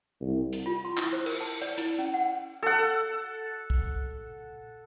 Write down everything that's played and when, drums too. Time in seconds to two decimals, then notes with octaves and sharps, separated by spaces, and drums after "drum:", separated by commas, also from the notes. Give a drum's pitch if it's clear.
0.21 C2
0.53 drum: hi-hat
0.66 F4
0.85 C6
0.97 E4, drum: clap
1.13 C5
1.26 A#4, drum: cymbal
1.41 A5
1.62 D5, drum: hi-hat
1.78 E4, drum: hi-hat
1.99 C#4
2.14 F#5
2.63 A4 F#5
3.70 drum: kick